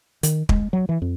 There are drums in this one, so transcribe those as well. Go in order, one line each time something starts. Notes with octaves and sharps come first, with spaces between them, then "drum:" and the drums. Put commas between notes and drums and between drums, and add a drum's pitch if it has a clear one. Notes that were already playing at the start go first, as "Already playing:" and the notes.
D#3, drum: hi-hat
G#3, drum: kick
F#3
E3
F2